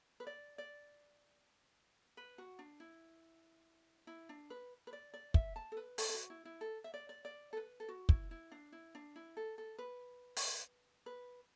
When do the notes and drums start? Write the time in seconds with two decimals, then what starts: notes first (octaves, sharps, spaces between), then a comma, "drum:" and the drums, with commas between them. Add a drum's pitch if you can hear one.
0.20 B4
0.27 D5
0.58 D5
2.17 B4
2.38 F#4
2.59 D4
2.80 E4
4.07 E4
4.29 D4
4.50 B4
4.87 B4
4.93 D5
5.14 D5
5.34 E5, drum: kick
5.56 A5
5.72 A4
5.77 B4
5.98 A4, drum: open hi-hat
6.09 A4
6.14 F#4
6.30 E4
6.45 E4
6.61 A4
6.84 E5
6.94 D5
7.09 D5
7.25 D5
7.53 A4
7.57 B4
7.80 A4
7.88 F#4
8.09 E4, drum: kick
8.31 E4
8.52 D4
8.72 E4
8.95 D4
9.16 E4
9.37 A4
9.58 A4
9.79 B4
10.36 drum: open hi-hat
11.06 B4